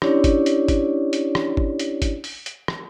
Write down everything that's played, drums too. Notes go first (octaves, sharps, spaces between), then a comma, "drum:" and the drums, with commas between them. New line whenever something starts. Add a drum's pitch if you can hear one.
C#4 D4 E4 G4 C#5 D5, drum: rim click
drum: kick G#1, hi-hat
drum: hi-hat
drum: kick G#1, hi-hat
drum: hi-hat
drum: rim click
drum: kick G#1
drum: hi-hat
drum: kick G#1, hi-hat
drum: open hi-hat
drum: hi-hat
drum: rim click